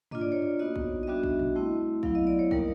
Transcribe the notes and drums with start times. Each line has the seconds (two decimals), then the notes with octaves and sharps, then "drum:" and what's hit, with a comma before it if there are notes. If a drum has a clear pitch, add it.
0.11 A#3 D4 F4 D#5, drum: tom
0.21 D5
0.32 C#5
0.42 D5
0.59 B3 D#4 F#4 D#5
0.76 drum: kick
1.03 D#5
1.07 G3 B3 D4 F#4 E5
1.23 drum: kick
1.39 drum: tom
1.56 A3 C4 E4
2.03 F#3 B3 E4 F5, drum: kick
2.15 D#5
2.27 D5
2.39 C#5
2.51 G3 A#3 D#4 A#4, drum: kick